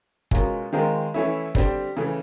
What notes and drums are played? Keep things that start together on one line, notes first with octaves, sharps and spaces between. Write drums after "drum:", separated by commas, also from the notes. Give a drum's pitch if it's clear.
B2 G#3 C#4 F4 A#4, drum: kick
D#3 G#3 C4 F4 A#4
E3 A3 C#4 E4
D3 G3 C4, drum: kick
C#3 E3 A3